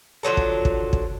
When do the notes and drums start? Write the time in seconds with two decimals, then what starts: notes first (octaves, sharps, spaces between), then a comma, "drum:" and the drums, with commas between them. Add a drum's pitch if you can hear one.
0.23 D3 F3 F#3 A4
0.37 drum: kick
0.65 drum: kick
0.93 drum: kick